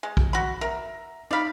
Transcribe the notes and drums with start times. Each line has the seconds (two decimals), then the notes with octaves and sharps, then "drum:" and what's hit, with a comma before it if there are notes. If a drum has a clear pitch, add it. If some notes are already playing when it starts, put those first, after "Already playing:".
0.03 G#3
0.17 drum: kick B1
0.33 F#4 B5
0.61 A#4 E5 A#5
1.31 D4 D#4 D5 F5 B5